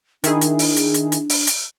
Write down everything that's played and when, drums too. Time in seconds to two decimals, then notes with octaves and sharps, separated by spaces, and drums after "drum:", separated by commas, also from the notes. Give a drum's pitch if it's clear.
0.24 D#3 D4 E4 G#4, drum: hi-hat
0.41 drum: hi-hat
0.59 drum: open hi-hat
0.77 drum: hi-hat
0.94 drum: hi-hat
1.12 drum: hi-hat
1.29 drum: open hi-hat
1.47 drum: hi-hat